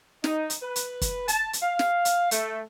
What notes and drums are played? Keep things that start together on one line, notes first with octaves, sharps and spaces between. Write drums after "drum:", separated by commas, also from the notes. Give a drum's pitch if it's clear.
D#4, drum: snare
drum: hi-hat
B4
drum: hi-hat
drum: kick, hi-hat
A5, drum: hi-hat
drum: hi-hat
F5
drum: snare
drum: hi-hat
A3, drum: hi-hat